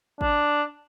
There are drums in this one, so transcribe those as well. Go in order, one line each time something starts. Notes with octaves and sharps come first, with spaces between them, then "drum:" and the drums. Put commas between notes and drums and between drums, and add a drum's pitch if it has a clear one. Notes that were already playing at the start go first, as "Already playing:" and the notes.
D4, drum: kick G#1